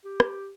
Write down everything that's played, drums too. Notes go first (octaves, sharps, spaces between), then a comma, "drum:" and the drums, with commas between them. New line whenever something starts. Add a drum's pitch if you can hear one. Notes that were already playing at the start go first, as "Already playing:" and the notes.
G4
drum: rim click